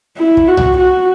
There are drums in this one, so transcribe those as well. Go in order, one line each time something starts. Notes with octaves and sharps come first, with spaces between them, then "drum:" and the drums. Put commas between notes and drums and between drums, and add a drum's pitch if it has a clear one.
E4
drum: kick
F#4
drum: tom C2
F#4